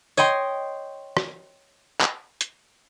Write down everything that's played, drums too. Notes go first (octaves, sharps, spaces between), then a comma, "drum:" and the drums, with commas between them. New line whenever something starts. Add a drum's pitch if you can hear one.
C#5 D#5 G5 C6, drum: tambourine
drum: rim click
drum: clap
drum: hi-hat